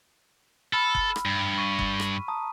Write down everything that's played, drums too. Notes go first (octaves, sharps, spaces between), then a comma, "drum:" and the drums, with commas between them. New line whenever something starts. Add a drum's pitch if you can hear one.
A4 B5 E6 F6
drum: kick F#1
drum: rim click
G2
C#6 B6 D#7
drum: kick F#1
drum: rim click
A5 A#5 D#6